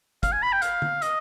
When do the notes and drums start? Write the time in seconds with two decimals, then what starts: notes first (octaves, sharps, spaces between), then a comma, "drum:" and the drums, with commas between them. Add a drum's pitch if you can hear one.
0.23 F5, drum: kick, hi-hat
0.32 G#5
0.42 B5
0.53 G5
0.62 F5, drum: hi-hat
0.82 drum: tom D3
1.02 D#5, drum: hi-hat